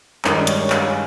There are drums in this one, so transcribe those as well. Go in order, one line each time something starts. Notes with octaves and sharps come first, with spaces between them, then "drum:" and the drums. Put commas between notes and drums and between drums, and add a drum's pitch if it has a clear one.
G2 D#3 G#3 C#4 A#4, drum: clap
C#5, drum: hi-hat
F5, drum: clap
G#5